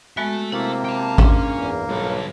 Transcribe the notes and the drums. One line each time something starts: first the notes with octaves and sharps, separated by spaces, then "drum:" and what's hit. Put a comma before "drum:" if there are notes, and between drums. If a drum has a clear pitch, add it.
G#3 B3 F#4 A4 E5
C3 A#3 E4
G5 A5
G#2 C#4 D4 C6, drum: kick G#1
E2
B1 G2 A4